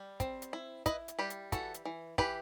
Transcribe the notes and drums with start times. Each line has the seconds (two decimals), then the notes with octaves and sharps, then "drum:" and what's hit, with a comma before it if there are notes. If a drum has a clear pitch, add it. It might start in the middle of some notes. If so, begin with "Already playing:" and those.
Already playing: G3
0.20 C4, drum: kick, hi-hat
0.42 drum: hi-hat
0.53 E4
0.86 E4 B4 D#5, drum: kick, hi-hat
1.08 drum: hi-hat
1.19 G3 G4 B4
1.30 drum: hi-hat
1.52 E3 F#4 A4, drum: kick, hi-hat
1.74 drum: hi-hat
1.85 E3
2.18 E3 G4 B4, drum: kick